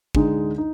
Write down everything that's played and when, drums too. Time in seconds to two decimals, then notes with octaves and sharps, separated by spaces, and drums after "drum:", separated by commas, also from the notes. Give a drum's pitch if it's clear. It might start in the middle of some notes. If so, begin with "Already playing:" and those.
0.15 D3 G#3 D#4, drum: kick
0.58 D#4